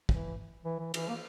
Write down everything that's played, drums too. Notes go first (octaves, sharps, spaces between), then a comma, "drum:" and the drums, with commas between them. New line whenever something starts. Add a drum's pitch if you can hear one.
E3, drum: kick
E3
E3
E3, drum: cymbal
A#3